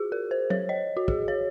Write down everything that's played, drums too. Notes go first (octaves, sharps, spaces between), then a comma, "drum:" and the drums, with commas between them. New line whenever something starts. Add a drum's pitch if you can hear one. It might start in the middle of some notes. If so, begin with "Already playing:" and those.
Already playing: F4 F#4 G#4
A#4
C5
C#5, drum: tom F#3
D#5
F#4
G#4, drum: kick
C#5